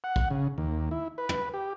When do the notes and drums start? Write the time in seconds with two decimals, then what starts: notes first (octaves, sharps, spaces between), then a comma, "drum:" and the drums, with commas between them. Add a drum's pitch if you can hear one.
0.04 F#5
0.16 drum: kick
0.30 C#3
0.58 D#2
0.91 E4
1.18 B4
1.29 drum: tom
1.54 G4